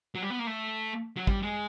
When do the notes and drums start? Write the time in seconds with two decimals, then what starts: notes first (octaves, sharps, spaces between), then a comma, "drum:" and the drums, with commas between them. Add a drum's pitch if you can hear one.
0.15 F#3
0.22 G3
0.30 B3
0.39 A#3
0.47 A3
1.17 F#3
1.27 G3, drum: kick
1.43 G#3